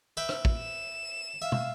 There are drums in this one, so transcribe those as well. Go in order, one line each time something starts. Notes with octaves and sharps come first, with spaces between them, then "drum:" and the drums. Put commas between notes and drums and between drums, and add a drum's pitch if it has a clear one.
B4 E5 G5
drum: rim click
drum: kick
E7
E5 F5
drum: tom